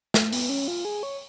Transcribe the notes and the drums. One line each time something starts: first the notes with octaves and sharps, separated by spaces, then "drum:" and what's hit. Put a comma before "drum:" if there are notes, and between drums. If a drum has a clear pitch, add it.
A3, drum: snare
B3, drum: open hi-hat
C#4
F4
G#4
C#5